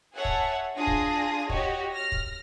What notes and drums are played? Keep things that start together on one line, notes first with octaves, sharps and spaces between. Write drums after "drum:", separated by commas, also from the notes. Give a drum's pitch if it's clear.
G#4 C#5 E5 F#5 A5
drum: kick
D4 F4 G#4 D#6 A#6
drum: kick
F#4 G4 C#5 D#5, drum: kick
F6 A#6
drum: kick